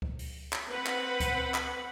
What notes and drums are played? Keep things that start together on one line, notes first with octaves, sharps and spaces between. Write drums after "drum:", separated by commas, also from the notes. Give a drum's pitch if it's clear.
drum: kick C#2
drum: open hi-hat
drum: clap
C4 B4 F#5 B5
drum: clap
drum: kick C#2, hi-hat
drum: clap